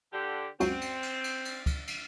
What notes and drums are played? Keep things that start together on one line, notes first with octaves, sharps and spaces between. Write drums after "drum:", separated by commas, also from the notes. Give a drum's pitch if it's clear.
D3 G4
C#2 F#2 C4 F#4, drum: cymbal
drum: cymbal
drum: cymbal
drum: cymbal
drum: cymbal
drum: kick, cymbal
drum: cymbal